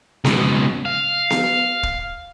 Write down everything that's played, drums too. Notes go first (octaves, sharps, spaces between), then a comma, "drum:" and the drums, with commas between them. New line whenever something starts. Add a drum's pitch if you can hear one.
C#2 B2, drum: snare B3
F5
drum: snare B3
drum: kick